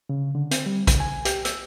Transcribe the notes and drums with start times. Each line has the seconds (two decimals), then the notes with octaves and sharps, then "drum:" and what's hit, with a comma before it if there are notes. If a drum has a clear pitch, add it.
0.09 C#3
0.35 D3
0.51 C4, drum: hi-hat
0.66 G3
0.87 C#3, drum: kick, hi-hat
1.00 G#5
1.25 G4, drum: hi-hat
1.45 E6, drum: hi-hat